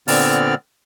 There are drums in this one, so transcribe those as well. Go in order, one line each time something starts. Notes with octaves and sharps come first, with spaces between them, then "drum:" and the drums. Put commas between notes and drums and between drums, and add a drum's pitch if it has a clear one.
A#2 D3 B3 C4 D5 F6, drum: open hi-hat